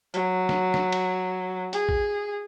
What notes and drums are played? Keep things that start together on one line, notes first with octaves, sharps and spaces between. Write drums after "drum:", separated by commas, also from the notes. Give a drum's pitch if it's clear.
F#3, drum: hi-hat
drum: snare
drum: snare
drum: cymbal
G#4, drum: hi-hat
drum: kick A1